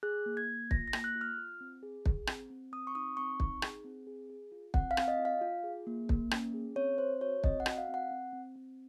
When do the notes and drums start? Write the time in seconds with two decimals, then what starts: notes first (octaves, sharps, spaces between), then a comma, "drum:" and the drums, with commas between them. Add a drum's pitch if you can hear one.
0.03 G#4 F#6
0.26 A#3
0.37 G#6
0.48 A#3
0.71 F4 A#6, drum: kick
0.88 A#6
0.93 A#3, drum: rim click
1.04 F#6
1.15 F4
1.21 F6
1.38 F4
1.61 C4
1.83 G#4
2.06 G#4, drum: kick
2.27 C4, drum: rim click
2.50 C4
2.72 C4 D#6
2.87 C#6
2.95 D#4 D#6
3.17 C4 C#6
3.40 D#4, drum: kick
3.62 G#4, drum: rim click
3.85 C4
4.07 G#4
4.30 G#4
4.52 F4
4.74 C4 F#5, drum: kick
4.91 F5
4.97 C4, drum: rim click
5.08 D#5
5.19 F4
5.25 F5
5.41 F4
5.64 G#4
5.87 A#3
6.09 A#3, drum: kick
6.31 C#4, drum: rim click
6.54 G#4
6.76 C4 C#5
6.98 C4 C5
7.21 F#4 C#5
7.44 C4 D#5, drum: kick
7.60 F#5
7.66 F#4, drum: rim click
7.78 F5
7.89 C4
7.94 F#5
8.11 C4
8.33 C4
8.56 C4